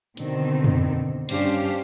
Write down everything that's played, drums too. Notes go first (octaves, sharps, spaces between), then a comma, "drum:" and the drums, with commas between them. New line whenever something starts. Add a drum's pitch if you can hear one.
B2 D3 D#3 C4, drum: hi-hat
drum: tom
G2 C#4 D4 G4 C5 F5, drum: cymbal